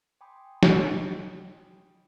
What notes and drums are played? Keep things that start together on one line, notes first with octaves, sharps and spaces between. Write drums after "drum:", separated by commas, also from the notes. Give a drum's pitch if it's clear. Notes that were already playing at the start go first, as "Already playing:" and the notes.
G5 G#5 B5 C6 D6 D#6
drum: snare